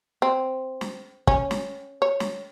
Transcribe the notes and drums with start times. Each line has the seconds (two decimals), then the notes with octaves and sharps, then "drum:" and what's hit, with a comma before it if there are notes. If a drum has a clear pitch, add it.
0.22 C4
0.81 drum: snare
1.27 C#4, drum: kick
1.51 drum: snare
2.02 C#5
2.20 drum: snare